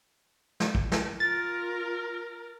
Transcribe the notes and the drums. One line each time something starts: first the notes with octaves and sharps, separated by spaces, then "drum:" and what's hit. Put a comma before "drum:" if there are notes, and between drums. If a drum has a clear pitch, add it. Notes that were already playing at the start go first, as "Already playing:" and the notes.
drum: snare
drum: kick
drum: snare
F4 A#4 A6